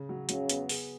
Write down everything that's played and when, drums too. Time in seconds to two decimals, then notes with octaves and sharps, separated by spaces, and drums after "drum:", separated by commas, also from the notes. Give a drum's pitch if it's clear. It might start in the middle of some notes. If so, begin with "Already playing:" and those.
Already playing: C#3
0.09 F#3
0.29 C#3 F#3, drum: hi-hat
0.49 B3, drum: hi-hat
0.69 G#4, drum: open hi-hat